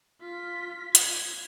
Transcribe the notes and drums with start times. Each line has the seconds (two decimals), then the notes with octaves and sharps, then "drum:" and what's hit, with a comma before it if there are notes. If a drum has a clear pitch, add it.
0.21 F4 B6
0.95 G#6, drum: hi-hat